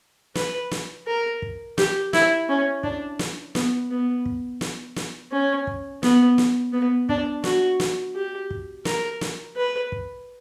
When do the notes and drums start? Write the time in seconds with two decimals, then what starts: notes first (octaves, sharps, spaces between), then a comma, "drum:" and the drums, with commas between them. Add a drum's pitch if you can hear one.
0.35 B4, drum: snare
0.71 drum: snare
1.07 A#4
1.42 drum: kick
1.78 G4, drum: snare
2.13 E4, drum: snare
2.49 C#4
2.83 D4, drum: kick
3.19 drum: snare
3.55 B3, drum: snare
3.91 B3
4.26 drum: kick
4.61 drum: snare
4.96 drum: snare
5.32 C#4
5.67 drum: kick
6.03 B3, drum: snare
6.38 drum: snare
6.73 B3
7.09 D4, drum: kick
7.44 F#4, drum: snare
7.80 drum: snare
8.15 G4
8.50 drum: kick
8.85 A#4, drum: snare
9.21 drum: snare
9.56 B4
9.92 drum: kick